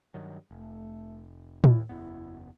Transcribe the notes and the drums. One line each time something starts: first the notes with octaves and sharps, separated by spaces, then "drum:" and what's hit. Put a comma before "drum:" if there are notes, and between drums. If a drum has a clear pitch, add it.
G2 D#3 F#3
F1 A3
D#2 E4, drum: tom
F#1 E2 B3 E4